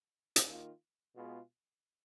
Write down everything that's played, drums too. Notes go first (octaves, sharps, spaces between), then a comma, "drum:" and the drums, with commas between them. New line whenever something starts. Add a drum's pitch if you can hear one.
drum: hi-hat
D#3 A#3 F4
B2 G#3 B3 F4 G#4